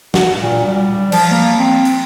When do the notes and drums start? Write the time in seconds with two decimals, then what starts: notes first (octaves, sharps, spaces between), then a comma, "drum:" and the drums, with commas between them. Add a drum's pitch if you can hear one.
0.14 F#4, drum: snare
0.41 A#2
0.65 G3
1.12 F3, drum: cymbal
1.32 A#3
1.59 C4
1.85 drum: hi-hat